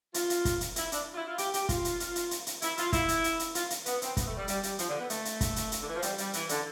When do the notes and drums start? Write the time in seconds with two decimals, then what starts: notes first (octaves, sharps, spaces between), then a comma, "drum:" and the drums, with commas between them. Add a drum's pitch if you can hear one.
0.14 F4, drum: hi-hat
0.30 drum: hi-hat
0.45 drum: kick, hi-hat
0.61 drum: hi-hat
0.76 E4, drum: hi-hat
0.92 D4, drum: hi-hat
1.13 F4
1.17 E4
1.27 F4
1.38 G4, drum: hi-hat
1.54 G4, drum: hi-hat
1.69 F4, drum: kick, hi-hat
1.85 drum: hi-hat
2.00 drum: hi-hat
2.16 drum: hi-hat
2.31 drum: hi-hat
2.46 drum: hi-hat
2.62 E4, drum: hi-hat
2.77 F4, drum: hi-hat
2.93 E4, drum: kick, hi-hat
3.08 drum: hi-hat
3.24 drum: hi-hat
3.39 drum: hi-hat
3.55 F4, drum: hi-hat
3.70 drum: hi-hat
3.86 B3, drum: hi-hat
4.02 C4, drum: hi-hat
4.17 B3, drum: kick, hi-hat
4.27 A3
4.37 G3
4.48 G3, drum: hi-hat
4.63 G3, drum: hi-hat
4.79 F3, drum: hi-hat
4.89 D3
4.99 B3
5.10 A3, drum: hi-hat
5.25 drum: hi-hat
5.41 drum: kick, hi-hat
5.56 drum: hi-hat
5.72 drum: hi-hat
5.81 D3
5.88 E3
5.96 F3
6.02 G3, drum: hi-hat
6.18 G3, drum: hi-hat
6.33 E3, drum: hi-hat
6.49 D3, drum: hi-hat